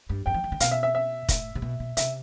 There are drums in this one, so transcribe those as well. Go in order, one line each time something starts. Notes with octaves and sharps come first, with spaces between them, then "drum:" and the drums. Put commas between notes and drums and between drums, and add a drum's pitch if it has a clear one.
G2
G2 G5
F3
E3
D3
B2 F5, drum: hi-hat
E5
E5
E5
A2, drum: kick, hi-hat
C3
B2
B2
C3 E5, drum: hi-hat